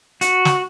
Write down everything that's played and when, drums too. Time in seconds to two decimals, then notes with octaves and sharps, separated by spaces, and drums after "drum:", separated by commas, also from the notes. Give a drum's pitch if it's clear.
0.21 F#4, drum: hi-hat
0.45 drum: snare